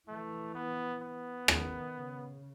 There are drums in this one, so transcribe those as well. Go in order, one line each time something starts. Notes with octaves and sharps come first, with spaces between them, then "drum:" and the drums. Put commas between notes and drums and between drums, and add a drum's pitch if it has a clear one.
E3 A3
B3
B3
D#3, drum: rim click
C#3